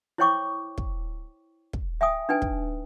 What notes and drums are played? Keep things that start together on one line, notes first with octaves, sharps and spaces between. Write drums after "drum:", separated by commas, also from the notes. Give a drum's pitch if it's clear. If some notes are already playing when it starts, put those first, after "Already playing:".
E4 C5 C#5 G5 C#6 D6
drum: kick
drum: kick
E5 G5 G#5 D#6
D4 D#4 B4 G5 G#5
drum: kick